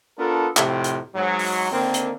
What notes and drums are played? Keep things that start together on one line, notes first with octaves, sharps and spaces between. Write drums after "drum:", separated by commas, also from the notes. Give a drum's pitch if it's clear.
B3 D4 F4 A4 A#4
F2 A2 C3, drum: clap
drum: hi-hat
G#2 F#3
drum: open hi-hat
D3 D#3 A#3 C4
drum: hi-hat